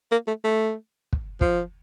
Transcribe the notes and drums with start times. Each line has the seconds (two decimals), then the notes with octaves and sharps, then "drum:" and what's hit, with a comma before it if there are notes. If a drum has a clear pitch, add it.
0.12 A#3
0.27 A3
0.44 A3
1.13 drum: kick
1.41 F3, drum: kick